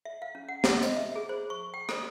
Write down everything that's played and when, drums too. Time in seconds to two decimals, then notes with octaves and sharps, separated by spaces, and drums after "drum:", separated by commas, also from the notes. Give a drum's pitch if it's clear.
0.05 E5
0.22 F5
0.35 C#4
0.49 F#5
0.64 drum: snare
0.83 D#5, drum: hi-hat
0.97 E5
1.15 G#4
1.29 C5
1.50 C#6
1.74 G5
1.89 C5, drum: rim click